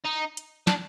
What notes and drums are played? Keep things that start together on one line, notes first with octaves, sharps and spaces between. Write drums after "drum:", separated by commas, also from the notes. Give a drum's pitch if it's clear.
D#4
drum: hi-hat
D4, drum: snare